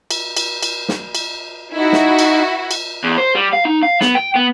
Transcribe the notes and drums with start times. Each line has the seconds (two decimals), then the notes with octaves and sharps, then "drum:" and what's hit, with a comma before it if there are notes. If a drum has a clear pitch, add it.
0.11 drum: cymbal
0.37 drum: cymbal
0.63 drum: cymbal
0.89 drum: snare
1.15 drum: cymbal
1.74 D#4 E4 F#4
1.93 drum: snare
2.19 drum: cymbal
2.71 drum: cymbal
3.04 E2
3.18 C5
3.35 G3
3.53 F5
3.65 D#4
3.83 F5
4.01 B3, drum: snare
4.15 G5
4.35 B3